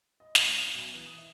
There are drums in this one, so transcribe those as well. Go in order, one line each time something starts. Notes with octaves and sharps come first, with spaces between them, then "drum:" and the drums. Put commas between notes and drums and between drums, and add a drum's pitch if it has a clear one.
D#5
G#2, drum: snare
C#4
E4
B1
E3
D#6
E4